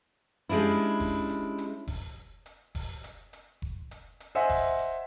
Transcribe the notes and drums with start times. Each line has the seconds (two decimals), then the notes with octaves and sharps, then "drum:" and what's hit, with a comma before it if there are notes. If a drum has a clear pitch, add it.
0.49 G3 G#3 C#4 D4 E4
0.71 drum: hi-hat
1.00 drum: kick F1, open hi-hat
1.29 drum: hi-hat
1.58 drum: hi-hat
1.87 drum: kick F1, open hi-hat
2.46 drum: hi-hat
2.75 drum: kick F1, open hi-hat
3.04 drum: hi-hat
3.33 drum: hi-hat
3.62 drum: kick F1
3.91 drum: hi-hat
4.20 drum: hi-hat
4.35 C5 D#5 E5 F#5 G#5
4.49 drum: kick F1, open hi-hat
4.79 drum: hi-hat